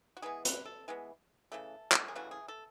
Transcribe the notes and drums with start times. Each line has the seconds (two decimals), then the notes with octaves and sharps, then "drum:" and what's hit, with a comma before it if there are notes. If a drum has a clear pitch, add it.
0.17 F#4
0.22 E3 G#3 B3 G#4
0.45 B4, drum: hi-hat
0.65 A4
0.88 E3 G#3 B3
1.52 C#3 E3 A3 A4
1.92 drum: clap
2.08 G#4
2.15 C#3 E3 A3 F#4
2.31 G#4
2.48 A4